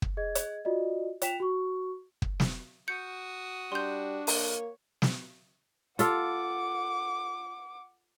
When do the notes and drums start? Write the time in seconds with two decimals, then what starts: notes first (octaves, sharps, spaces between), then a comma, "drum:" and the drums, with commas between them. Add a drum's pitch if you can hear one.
0.02 drum: kick
0.17 G#4 D#5 G#6
0.35 drum: hi-hat
0.65 F4 F#4 D5 D#5
1.22 F4 G5 B6 E7 F7, drum: hi-hat
1.40 F#4 C#6
2.22 drum: kick
2.40 drum: snare
2.88 F#4 D#6 G6 C#7
3.72 G3 D4 C6 G6
4.27 A#3 C#5, drum: open hi-hat
5.02 drum: snare
5.99 F4 A4 F5 F#5 D6, drum: hi-hat